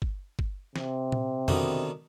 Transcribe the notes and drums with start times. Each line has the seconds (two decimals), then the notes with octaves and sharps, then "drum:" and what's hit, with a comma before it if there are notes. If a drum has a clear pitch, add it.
0.02 drum: kick
0.39 drum: kick
0.76 C3, drum: snare
1.12 drum: tom A#2
1.48 B2 D3 D#3, drum: tom F2